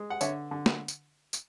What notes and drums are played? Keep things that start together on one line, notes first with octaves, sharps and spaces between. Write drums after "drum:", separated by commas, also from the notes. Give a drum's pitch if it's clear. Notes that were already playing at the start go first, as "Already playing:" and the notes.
Already playing: G#3
F#5
D3 C#5 E5, drum: tambourine
D3
drum: snare
drum: tambourine
drum: tambourine